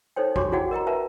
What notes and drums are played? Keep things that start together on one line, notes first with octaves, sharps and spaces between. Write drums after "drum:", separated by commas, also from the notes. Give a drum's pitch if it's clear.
D#4 A4 C5 C#5 G5
D4 F#4 G4 C#5 D6, drum: kick G#1
E4 F#4 G#4 D5 F#5 G5
A#4 D#5 G5 A#5
A#4 B4 E5 A5 A#5